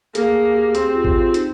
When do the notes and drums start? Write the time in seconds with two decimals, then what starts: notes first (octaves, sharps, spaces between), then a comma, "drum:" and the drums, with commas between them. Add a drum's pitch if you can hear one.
0.15 A#3 G#4, drum: hi-hat
0.36 G#4
0.51 G#4
0.55 G4
0.75 C4 G4, drum: hi-hat
0.94 F4
1.04 drum: kick G#1
1.15 F4
1.34 D#4, drum: hi-hat